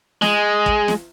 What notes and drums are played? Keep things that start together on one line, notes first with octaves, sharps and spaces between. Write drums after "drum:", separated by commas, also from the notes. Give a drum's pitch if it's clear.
G#3, drum: snare
drum: kick
drum: snare